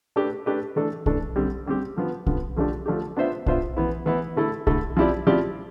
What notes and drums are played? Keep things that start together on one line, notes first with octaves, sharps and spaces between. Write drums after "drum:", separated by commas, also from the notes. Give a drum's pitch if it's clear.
A3 D4 G4 B4
A3 D4 G4 B4
E3 A3 D4 A4
E3 A3 D4 A4, drum: kick
D3 G3 C4 G4
D3 G3 C4 G4
D3 F3 B3
D3 F3 B3, drum: kick
D3 F3 A3 D4 G4
D3 F3 A3 D4 G4
B3 D4 F4 C5 E5
B3 D4 F4 C5 E5, drum: kick
E3 B3 E4
E3 B3 E4
D3 A3 E4 A4
D3 A3 E4 A4, drum: kick
F3 C4 E4 G4 D5
F3 C4 E4 G4 D5